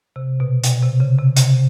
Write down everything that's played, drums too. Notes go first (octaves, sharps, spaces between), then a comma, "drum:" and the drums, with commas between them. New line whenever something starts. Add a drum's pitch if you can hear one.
C3
B2
B2, drum: hi-hat
C3
C#3
C3
C3, drum: hi-hat